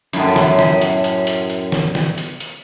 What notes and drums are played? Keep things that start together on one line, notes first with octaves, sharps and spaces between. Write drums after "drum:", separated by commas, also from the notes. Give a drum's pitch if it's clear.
F#2 A2, drum: hi-hat
drum: snare
drum: snare
drum: hi-hat
drum: hi-hat
drum: hi-hat
drum: hi-hat
drum: snare
drum: snare
drum: hi-hat
drum: hi-hat